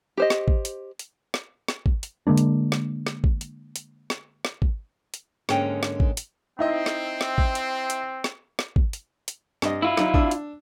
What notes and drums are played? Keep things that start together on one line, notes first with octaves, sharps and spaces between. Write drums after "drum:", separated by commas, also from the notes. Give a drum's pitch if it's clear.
G4 C5 D#5
drum: snare
drum: kick
drum: hi-hat
drum: hi-hat
drum: snare
drum: snare
drum: kick
drum: hi-hat
D3 G#3 A#3 D4
drum: hi-hat
drum: snare
drum: snare
drum: kick
drum: hi-hat
drum: hi-hat
drum: snare
drum: snare
drum: kick
drum: hi-hat
G#2 D3 A#3 C#4 G#4 G5, drum: snare
drum: snare
drum: kick
drum: hi-hat
C4 D#4 E4 D#5
drum: snare
drum: snare
drum: kick
drum: hi-hat
drum: hi-hat
drum: snare
drum: snare
drum: kick
drum: hi-hat
drum: hi-hat
G2 D#5, drum: snare
E4 F4
F#3 D#4, drum: snare
D4 E6, drum: kick
drum: hi-hat